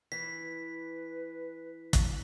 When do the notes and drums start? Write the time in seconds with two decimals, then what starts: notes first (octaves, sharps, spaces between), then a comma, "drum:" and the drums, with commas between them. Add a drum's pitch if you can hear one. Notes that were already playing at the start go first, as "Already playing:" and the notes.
0.12 E3 B6
0.43 B4
1.93 drum: kick, hi-hat